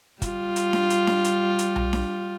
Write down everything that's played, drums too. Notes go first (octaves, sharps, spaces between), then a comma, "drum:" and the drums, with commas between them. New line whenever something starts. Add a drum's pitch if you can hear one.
G3 F4, drum: kick, hi-hat
drum: hi-hat
drum: snare D4
drum: hi-hat
drum: snare D4
drum: hi-hat
drum: hi-hat
drum: tom B1
drum: snare D4